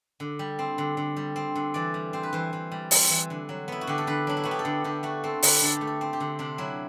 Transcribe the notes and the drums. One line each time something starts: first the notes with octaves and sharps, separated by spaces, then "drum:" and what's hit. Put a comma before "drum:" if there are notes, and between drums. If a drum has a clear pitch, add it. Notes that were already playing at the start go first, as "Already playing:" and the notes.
D3
G3
C4
D3
D3
G3
C4
D3
E3 D5
G3
C4 C5
B4
E3 C5
E3
G3
C4, drum: open hi-hat
E3
D3
F#3
B3 E4
F#4
D3 G4
A4
D3 B4
F#3 D4
E4
B3 F#4
G4
A4
D3
D3 G4
A3 F#4
C4 A4
D3 B4, drum: open hi-hat
D3 A4
G4
A3
A4
C4
G4
D3
C3 D4
F#3 E4